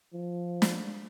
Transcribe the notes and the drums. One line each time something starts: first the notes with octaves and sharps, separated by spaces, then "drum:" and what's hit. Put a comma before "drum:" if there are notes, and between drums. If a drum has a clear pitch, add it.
F3
drum: snare